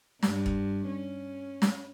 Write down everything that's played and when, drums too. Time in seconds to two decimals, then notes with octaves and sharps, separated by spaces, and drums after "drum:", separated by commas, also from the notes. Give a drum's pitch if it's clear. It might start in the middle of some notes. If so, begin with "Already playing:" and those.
0.23 G2, drum: snare
0.46 drum: kick
0.87 C#4
1.62 drum: snare